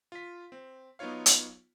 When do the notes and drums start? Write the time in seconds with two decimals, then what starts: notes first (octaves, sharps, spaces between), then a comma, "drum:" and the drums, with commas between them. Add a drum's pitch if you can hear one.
0.12 F4 B6
0.52 C4
0.99 F#3 B3 D#4 F4 C#5 F5
1.26 drum: hi-hat